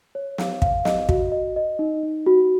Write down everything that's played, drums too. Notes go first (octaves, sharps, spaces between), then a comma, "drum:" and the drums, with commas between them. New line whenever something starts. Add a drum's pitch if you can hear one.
C#5
F5, drum: snare
F5, drum: kick
D#5, drum: snare
F#4, drum: kick
D#5
D#5
D#4
D#4
F#4